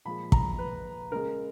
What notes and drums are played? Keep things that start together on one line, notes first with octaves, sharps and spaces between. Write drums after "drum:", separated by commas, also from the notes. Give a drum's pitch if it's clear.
A#2 F3 G#3 B5
A#5, drum: kick
B4
C#3 G#3 A#4